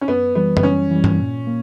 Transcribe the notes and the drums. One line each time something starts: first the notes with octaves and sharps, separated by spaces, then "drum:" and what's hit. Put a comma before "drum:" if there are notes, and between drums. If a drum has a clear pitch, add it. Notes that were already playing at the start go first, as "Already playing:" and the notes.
C#4
F#2 B3
E3 G3 B3
B3, drum: tom
F#2 C#4
E3 G3
drum: tom G2
A#2
A#3